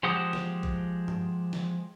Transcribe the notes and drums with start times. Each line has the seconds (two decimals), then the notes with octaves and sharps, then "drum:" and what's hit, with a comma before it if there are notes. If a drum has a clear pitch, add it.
0.03 F3 G#3 G4 F#5 D#6
0.33 drum: snare
0.63 drum: kick
1.08 drum: tom G2
1.53 drum: snare